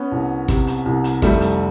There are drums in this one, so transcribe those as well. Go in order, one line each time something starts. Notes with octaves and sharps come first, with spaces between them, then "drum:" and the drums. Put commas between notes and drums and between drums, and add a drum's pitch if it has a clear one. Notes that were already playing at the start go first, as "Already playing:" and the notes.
Already playing: B3 C#4
C2
C3, drum: kick, hi-hat
drum: hi-hat
C2
drum: hi-hat
F1 G3 A3, drum: kick, hi-hat
drum: hi-hat